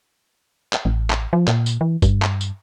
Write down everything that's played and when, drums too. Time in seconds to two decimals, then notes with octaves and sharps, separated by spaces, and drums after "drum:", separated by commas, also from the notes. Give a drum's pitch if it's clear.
0.73 drum: clap
0.85 A1
1.10 drum: clap
1.33 F3
1.47 A#2, drum: clap
1.66 drum: tambourine
1.81 E3
2.02 G2, drum: kick, tambourine
2.22 drum: clap
2.41 drum: tambourine